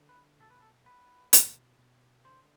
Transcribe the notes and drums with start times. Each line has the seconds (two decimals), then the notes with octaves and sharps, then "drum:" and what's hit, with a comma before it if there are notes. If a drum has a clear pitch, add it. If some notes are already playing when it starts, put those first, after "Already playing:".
Already playing: D3
0.09 B4
0.40 B2 A4
0.50 B4
0.60 A4
0.86 B3 B4
1.33 B2, drum: hi-hat
1.78 B2
2.24 D3 C5